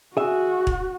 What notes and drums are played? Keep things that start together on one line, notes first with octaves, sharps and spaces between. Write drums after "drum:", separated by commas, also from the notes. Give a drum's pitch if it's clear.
F#4 G#4 E5
drum: kick